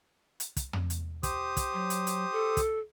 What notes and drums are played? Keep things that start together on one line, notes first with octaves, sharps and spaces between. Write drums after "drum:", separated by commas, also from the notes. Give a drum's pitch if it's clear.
drum: hi-hat
drum: kick, hi-hat
drum: tom
drum: hi-hat
G4 C5 D#6, drum: kick, hi-hat
drum: kick, hi-hat
F#3
drum: hi-hat
drum: hi-hat
A4
drum: kick, hi-hat